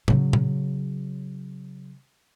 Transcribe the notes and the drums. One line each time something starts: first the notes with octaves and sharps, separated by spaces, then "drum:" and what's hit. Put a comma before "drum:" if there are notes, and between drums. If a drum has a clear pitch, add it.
C#3 F#3, drum: tom A2
drum: tom A#2